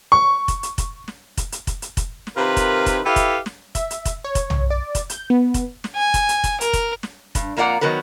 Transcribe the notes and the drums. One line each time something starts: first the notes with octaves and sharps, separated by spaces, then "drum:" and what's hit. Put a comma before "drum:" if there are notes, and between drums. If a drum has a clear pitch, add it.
C#6
drum: kick F1, hi-hat
drum: hi-hat
drum: kick F1, hi-hat
drum: snare
drum: kick F1, hi-hat
drum: hi-hat
drum: kick F1, hi-hat
drum: hi-hat
drum: kick F1, hi-hat
drum: snare
C3 D#3 F4 A#4 B4
drum: kick F1, hi-hat
drum: kick F1, hi-hat
E4 G4 A4 B4 E5 F5
drum: kick F1, hi-hat
drum: snare
E5, drum: kick F1, hi-hat
drum: hi-hat
drum: kick F1, hi-hat
C#5
drum: kick F1, hi-hat
drum: tom B1
D5
drum: kick F1, hi-hat
G6, drum: hi-hat
B3
drum: kick F1, hi-hat
drum: snare
G#5
drum: kick F1, hi-hat
drum: hi-hat
drum: kick F1, hi-hat
A#4, drum: hi-hat
drum: kick F1, hi-hat
drum: snare
G2, drum: kick F1, hi-hat
F2 A#3 F4 D5 F#5 A#5
D#3 F#3 B3 A#4 B4